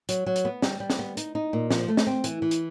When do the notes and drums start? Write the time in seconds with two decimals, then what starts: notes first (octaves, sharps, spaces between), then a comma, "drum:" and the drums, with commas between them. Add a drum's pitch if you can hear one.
0.09 F#3, drum: hi-hat
0.26 F#3
0.36 drum: hi-hat
0.45 B3
0.62 G3, drum: snare
0.80 G3
0.90 drum: snare
0.99 B3
1.17 D#4, drum: hi-hat
1.35 D#4
1.53 A#2
1.70 F3, drum: snare
1.88 A3
1.97 drum: snare
2.07 C4
2.24 E3, drum: hi-hat
2.42 E3
2.51 drum: hi-hat